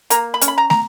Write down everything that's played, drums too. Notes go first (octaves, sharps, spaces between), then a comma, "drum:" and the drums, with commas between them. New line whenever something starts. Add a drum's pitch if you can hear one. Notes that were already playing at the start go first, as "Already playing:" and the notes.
A#3 A#5, drum: hi-hat
B5
C#4, drum: hi-hat
B5
A#5
A#5, drum: snare